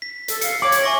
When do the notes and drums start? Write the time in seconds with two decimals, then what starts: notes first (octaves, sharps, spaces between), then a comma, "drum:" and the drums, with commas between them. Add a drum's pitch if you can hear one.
0.02 B6
0.28 A4, drum: hi-hat
0.41 F5 C#7, drum: hi-hat
0.62 C#5 D6 F#7
0.72 drum: hi-hat
0.83 E5 G#5 C#6 A#6